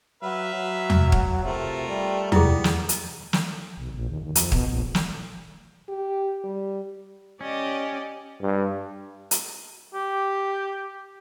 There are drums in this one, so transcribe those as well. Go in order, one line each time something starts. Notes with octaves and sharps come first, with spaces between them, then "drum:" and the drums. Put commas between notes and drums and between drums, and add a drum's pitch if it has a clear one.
F#3 B4 E5 F5
F#3
drum: tom E2
drum: kick
C3 A3 F4 A#4
G3
B3 E4 G#4, drum: tom E2
drum: snare
drum: hi-hat
drum: snare
B1
A#1
D#2
D#2
F2, drum: hi-hat
B2, drum: kick
A#1
drum: snare
G4
G3
C#4 G4 D5 D#5
G2
drum: hi-hat
G4